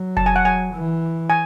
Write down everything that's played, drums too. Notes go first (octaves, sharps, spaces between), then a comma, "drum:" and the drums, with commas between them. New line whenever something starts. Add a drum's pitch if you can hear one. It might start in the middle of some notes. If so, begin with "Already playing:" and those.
Already playing: F#3
A5, drum: kick F1
G#5
F#5
G#5
E3
G#5